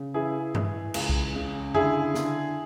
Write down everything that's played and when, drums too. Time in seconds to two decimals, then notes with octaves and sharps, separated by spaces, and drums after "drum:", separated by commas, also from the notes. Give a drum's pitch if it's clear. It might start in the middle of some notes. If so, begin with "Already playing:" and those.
Already playing: C#3
0.14 E3 E4 G#4
0.55 E3, drum: tom G2
0.94 C#2, drum: cymbal
1.09 drum: kick B1
1.35 C#3
1.74 D3 E4 G#4, drum: tom F2
2.15 D3, drum: snare